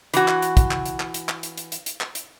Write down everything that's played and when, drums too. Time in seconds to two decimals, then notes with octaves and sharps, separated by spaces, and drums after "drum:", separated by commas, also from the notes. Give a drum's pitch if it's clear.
0.14 E3 F#4, drum: hi-hat
0.28 drum: clap
0.42 drum: hi-hat
0.57 drum: kick, hi-hat
0.71 drum: clap
0.86 drum: hi-hat
1.00 drum: clap
1.14 drum: hi-hat
1.29 drum: clap
1.43 drum: hi-hat
1.58 drum: hi-hat
1.72 drum: hi-hat
1.86 drum: hi-hat
2.01 drum: clap
2.15 drum: hi-hat